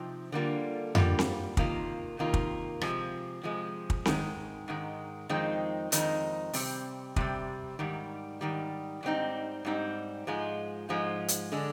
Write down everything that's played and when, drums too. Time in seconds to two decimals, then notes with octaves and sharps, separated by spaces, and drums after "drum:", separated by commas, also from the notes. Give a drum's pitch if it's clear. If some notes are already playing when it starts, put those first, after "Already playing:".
Already playing: C3 F3 C4 D#4
0.32 D3 G3 A#3 F4
0.95 D3 G3 A#3 F4, drum: tom F2
1.19 drum: snare C4
1.57 C3 D#3 A#3 F4, drum: kick
2.19 C3 D#3 A#3 F4
2.34 drum: kick
2.81 C3 F3 G#3, drum: rim click
3.43 C3 F3 G#3
3.90 drum: kick
4.05 G#2 D#3 G#3, drum: snare C4
4.68 G#2 D#3 G#3
5.29 F2 D#3 G#3 C4 D#4
5.92 F2 D#3 G#3 C4 D#4, drum: hi-hat
6.53 C3 G3 C4, drum: open hi-hat
7.16 C3 G3 C4, drum: kick
7.79 G#2 D#3 G3
8.41 G#2 D#3 G3
9.03 G#2 G3 C4 D#4
9.65 G#2 G3 C4 D#4
10.27 G#2 F3 G#3 F4
10.89 G#2 F3 G#3 F4
11.28 drum: hi-hat
11.52 D3 G#3 D4